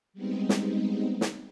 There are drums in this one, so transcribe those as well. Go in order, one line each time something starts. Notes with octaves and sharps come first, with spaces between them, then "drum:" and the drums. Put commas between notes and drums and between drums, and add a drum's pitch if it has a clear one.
G3 G#3 B3 C4 D#4
drum: snare
drum: snare